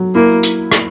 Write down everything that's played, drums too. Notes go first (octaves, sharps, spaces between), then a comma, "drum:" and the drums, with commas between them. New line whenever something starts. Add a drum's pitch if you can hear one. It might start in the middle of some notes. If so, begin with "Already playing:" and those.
Already playing: F#3
A#3 E4
drum: hi-hat
drum: rim click